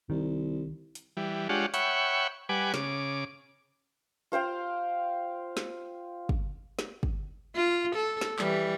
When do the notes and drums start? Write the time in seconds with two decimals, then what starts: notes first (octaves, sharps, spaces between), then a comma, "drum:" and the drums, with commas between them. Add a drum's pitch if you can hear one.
0.10 C2 D#3
0.95 drum: hi-hat
1.17 E3 G3
1.49 G#3 D4 F4 G4 C#5 F#5
1.74 C#5 E5 F#5 G5 B5 C#6, drum: hi-hat
2.49 G3 B4 F#5 G#5 D6
2.74 C#3 D6, drum: snare
4.32 F4 C5 F5 G5
5.57 drum: snare
6.29 drum: kick
6.79 drum: snare
7.03 drum: kick
7.55 F4
7.96 A4
8.21 drum: snare
8.39 E3 G3, drum: clap